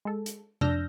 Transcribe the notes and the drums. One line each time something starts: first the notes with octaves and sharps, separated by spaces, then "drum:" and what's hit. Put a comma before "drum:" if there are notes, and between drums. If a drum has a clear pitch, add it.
G#3 A4
drum: hi-hat
F2 D4 E6 F6 G6 A#6, drum: tom C3